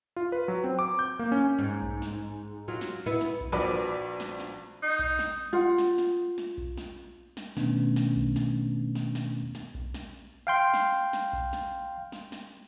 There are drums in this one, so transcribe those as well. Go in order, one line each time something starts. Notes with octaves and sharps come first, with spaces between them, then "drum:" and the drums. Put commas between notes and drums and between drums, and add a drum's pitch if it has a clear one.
F4
B4
F#3
C4
D6
G6
A#3
C#4
G#2
drum: kick A#1
drum: snare
F#3 F4
drum: snare
B3 E4
drum: snare
drum: kick A#1
A#1 F3 F#4 B4 D5 D6
drum: snare
drum: snare
D#4
drum: kick A#1
drum: snare
F4 F#5
drum: snare
drum: snare
drum: snare
drum: kick A#1
drum: snare
drum: snare
B2 D#3 A3 B3 C#4 D4, drum: snare
drum: snare
drum: kick A#1
drum: snare
drum: snare
drum: snare
drum: snare
drum: kick A#1
drum: snare
F5 G5 C6
drum: snare
drum: snare
drum: kick A#1
drum: snare
drum: snare
drum: snare